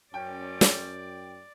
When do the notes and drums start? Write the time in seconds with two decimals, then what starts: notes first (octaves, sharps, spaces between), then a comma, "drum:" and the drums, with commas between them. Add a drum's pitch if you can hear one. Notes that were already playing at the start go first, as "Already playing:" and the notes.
0.14 F#2 C#4 D5 G5
0.61 drum: snare